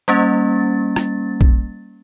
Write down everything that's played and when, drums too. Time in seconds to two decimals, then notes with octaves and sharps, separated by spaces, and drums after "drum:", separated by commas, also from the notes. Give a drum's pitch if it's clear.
0.08 G3 A#3 C#4 A6
0.96 drum: rim click
1.41 drum: kick A#1